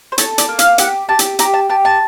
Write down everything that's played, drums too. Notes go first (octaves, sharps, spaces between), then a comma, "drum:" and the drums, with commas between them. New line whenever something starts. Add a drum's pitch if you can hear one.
C5
A4 C#5, drum: hi-hat
D5, drum: hi-hat
A#3
F5, drum: hi-hat
G4 F#5, drum: hi-hat
G4 A5
drum: hi-hat
G4 A#5, drum: hi-hat
A5
G4 A5
A5